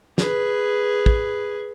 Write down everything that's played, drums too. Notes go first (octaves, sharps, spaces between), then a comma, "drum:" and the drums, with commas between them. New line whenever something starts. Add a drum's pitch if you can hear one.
G#4 B4, drum: snare
drum: kick